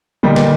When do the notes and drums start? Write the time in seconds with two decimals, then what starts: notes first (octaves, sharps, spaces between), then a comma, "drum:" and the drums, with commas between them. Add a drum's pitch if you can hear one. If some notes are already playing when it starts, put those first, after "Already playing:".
0.23 A#2 D3 G3 A#3 D#4
0.36 drum: snare